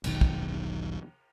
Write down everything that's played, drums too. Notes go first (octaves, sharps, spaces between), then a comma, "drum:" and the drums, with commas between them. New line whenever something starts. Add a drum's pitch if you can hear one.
E1 B1 D#3, drum: cymbal
drum: kick